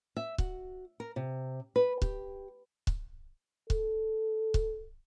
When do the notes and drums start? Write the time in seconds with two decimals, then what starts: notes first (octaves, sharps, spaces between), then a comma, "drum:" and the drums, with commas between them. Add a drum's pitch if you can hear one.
0.17 E5
0.38 F#4, drum: kick C#1
1.00 A#4
1.16 C3
1.76 B4
2.02 G4, drum: kick C#1
2.87 drum: kick C#1
3.70 A4, drum: kick C#1
4.54 drum: kick C#1